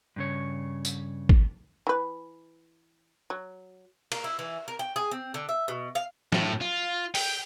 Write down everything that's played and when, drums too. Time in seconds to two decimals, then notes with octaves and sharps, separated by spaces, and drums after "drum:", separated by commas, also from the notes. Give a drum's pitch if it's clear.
0.16 G2 C#3 C#5
0.85 drum: tambourine
1.29 drum: kick G#1
1.87 E3 B4
3.30 F#3
4.12 A#3, drum: cymbal
4.24 E4
4.39 E3
4.68 A#4
4.79 G5
4.96 G#4
5.12 C4
5.34 D3
5.49 E5
5.68 B2
5.95 F5
6.32 A2, drum: snare
6.61 F4
7.15 G5, drum: open hi-hat